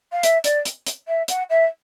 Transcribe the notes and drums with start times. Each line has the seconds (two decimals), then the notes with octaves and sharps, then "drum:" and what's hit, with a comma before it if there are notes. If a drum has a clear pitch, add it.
0.12 F5
0.23 E5, drum: hi-hat
0.44 D5, drum: hi-hat
0.65 drum: hi-hat
0.86 drum: hi-hat
1.08 E5
1.28 F#5, drum: hi-hat
1.50 E5